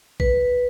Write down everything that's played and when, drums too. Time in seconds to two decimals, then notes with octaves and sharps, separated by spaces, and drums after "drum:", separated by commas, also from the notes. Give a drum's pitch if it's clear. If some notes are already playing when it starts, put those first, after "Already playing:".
0.20 B4, drum: kick A#1